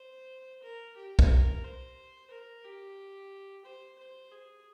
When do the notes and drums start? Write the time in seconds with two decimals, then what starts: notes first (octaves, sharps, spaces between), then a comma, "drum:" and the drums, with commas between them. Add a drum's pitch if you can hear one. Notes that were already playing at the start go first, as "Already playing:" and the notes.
Already playing: C5
0.63 A#4
0.96 G4
1.19 drum: kick B1
1.30 A#4
1.64 C5
2.31 A#4
2.64 G4
3.65 C5
3.98 C5
4.31 G#4